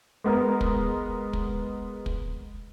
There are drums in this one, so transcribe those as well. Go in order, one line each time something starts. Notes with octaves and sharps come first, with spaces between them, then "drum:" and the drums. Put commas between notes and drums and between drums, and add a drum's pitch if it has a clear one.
G#3 B3 A#4
drum: kick
drum: kick
drum: kick